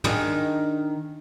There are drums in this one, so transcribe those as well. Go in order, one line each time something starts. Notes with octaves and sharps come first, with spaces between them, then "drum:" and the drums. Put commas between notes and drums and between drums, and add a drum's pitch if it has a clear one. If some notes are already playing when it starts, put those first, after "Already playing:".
D#3 D4 G#4, drum: tom